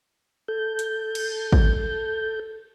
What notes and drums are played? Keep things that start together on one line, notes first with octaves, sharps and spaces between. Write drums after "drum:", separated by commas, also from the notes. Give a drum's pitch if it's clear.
A4 G6
drum: hi-hat
drum: cymbal
drum: kick